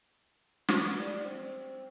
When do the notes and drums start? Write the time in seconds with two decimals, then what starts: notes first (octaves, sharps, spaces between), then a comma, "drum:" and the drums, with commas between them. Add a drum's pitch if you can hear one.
0.69 drum: snare
0.99 G3
1.25 C4